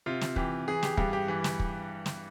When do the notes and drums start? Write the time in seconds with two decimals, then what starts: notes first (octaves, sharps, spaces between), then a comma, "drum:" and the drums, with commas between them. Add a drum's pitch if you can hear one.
0.06 C3 F4
0.21 drum: snare
0.36 E3 G4, drum: kick
0.68 E3 G#4
0.83 G4, drum: snare
0.98 G2 G4, drum: kick
1.13 G4
1.28 E3
1.44 drum: snare
1.60 drum: kick
2.06 drum: snare